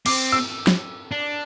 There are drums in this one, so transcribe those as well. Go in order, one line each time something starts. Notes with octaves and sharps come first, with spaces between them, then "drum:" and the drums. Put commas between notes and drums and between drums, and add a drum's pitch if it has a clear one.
C4 D6, drum: cymbal
E6
drum: snare
D4